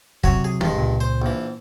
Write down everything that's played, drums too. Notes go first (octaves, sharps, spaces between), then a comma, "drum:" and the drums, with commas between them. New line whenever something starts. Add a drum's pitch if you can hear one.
C3 F#3 F#4 C#5, drum: kick
G#4
E1 G2 G#3, drum: tom
C#2 A#2
C5
A#1 E3